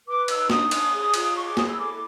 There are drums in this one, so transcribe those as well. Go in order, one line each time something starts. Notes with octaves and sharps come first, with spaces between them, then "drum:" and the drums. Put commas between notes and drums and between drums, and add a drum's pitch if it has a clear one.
B4 D6
D#4 E6, drum: cymbal
D4 D#6, drum: snare
D4, drum: cymbal
G#4
F4, drum: cymbal
G#4 C#6
D6
E4 D#6, drum: snare
E6
A4 D6